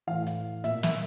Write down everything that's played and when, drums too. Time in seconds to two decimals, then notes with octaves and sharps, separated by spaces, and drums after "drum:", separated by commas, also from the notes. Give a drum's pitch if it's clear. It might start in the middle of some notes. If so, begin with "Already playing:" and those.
0.07 A2 E3 F5
0.27 drum: hi-hat
0.64 A#2 E5, drum: hi-hat
0.83 E5, drum: snare